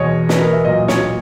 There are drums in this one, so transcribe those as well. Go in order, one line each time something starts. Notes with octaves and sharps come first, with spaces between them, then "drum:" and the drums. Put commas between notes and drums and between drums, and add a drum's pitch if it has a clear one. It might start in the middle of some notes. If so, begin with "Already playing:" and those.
Already playing: E2 B2 G#3 C#5 D#5
B4, drum: snare
A#4
E5
A#2 F#3 D#5
D#5
C#5, drum: snare